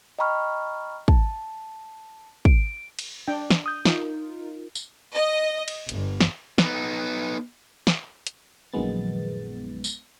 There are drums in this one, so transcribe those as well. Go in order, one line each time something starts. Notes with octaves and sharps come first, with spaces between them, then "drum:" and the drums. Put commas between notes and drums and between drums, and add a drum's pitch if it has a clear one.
D#5 G5 A#5 B5 C#6 F6
A5, drum: kick
D7, drum: kick
drum: cymbal
D4 G5
drum: snare
D#6 G6
D#4 F4 A#4, drum: snare
drum: tambourine
D#5
drum: cymbal
G1, drum: hi-hat
drum: snare
B3 D#4, drum: snare
drum: snare
drum: hi-hat
A#1 F#2 D#3 G#3 B3 A6
drum: tambourine